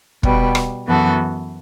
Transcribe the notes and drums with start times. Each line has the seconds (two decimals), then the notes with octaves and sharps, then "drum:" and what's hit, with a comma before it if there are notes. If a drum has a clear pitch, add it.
0.23 B2 G3 B3, drum: kick
0.55 drum: rim click
0.86 F#2 E3 B3 F#4 A4